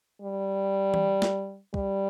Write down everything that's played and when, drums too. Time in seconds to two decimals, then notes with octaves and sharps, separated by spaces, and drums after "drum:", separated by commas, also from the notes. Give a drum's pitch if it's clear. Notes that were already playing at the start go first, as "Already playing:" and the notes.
0.21 G3
0.94 drum: tom E3
1.22 drum: snare
1.74 G3, drum: kick